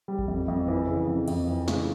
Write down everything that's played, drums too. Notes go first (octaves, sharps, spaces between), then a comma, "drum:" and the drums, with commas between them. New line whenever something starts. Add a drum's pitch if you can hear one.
G3
drum: kick G#1
F2
F2
E3
C#3
F2
F2, drum: cymbal
E3
C#3, drum: snare